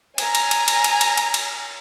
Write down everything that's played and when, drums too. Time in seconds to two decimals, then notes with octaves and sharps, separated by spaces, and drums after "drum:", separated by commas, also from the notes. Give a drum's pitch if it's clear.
0.18 G#5 A#5, drum: cymbal
0.35 drum: cymbal
0.51 drum: cymbal
0.68 drum: cymbal
0.84 drum: cymbal
1.01 drum: cymbal
1.17 drum: cymbal
1.34 drum: cymbal